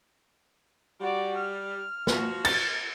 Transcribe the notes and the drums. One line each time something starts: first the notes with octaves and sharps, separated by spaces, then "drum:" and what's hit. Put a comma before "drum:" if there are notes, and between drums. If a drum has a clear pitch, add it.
G3 F#4 D5
F6
F3 F#4, drum: snare
A6, drum: cymbal